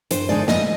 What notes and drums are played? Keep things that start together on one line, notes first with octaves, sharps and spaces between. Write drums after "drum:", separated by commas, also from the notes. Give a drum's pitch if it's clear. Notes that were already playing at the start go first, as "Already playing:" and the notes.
G2 C5, drum: hi-hat
D3 G#3 D#4 D5
F2 D#5, drum: snare